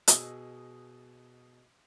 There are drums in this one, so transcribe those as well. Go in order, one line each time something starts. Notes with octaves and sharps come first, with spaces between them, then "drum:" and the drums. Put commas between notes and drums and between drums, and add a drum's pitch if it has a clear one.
B2 G#4 D#5 D#6 E6, drum: hi-hat